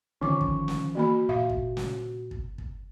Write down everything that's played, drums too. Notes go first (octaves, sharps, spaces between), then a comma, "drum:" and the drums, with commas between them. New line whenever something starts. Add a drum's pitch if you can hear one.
D3 D#3 F3 C#4 C#6 D6
drum: kick
drum: snare
E3 A#3 F#4 B5
A#2 E5 F5
drum: kick
drum: snare
drum: kick
drum: kick